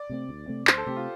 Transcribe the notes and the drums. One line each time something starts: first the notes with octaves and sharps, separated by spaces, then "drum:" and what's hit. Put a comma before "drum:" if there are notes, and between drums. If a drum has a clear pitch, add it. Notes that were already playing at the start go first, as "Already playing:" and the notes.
Already playing: D5
C3 A3 C4
D2
C3 A3 C4
D2 C5, drum: clap
A4
C3 A3 C4 G4
F4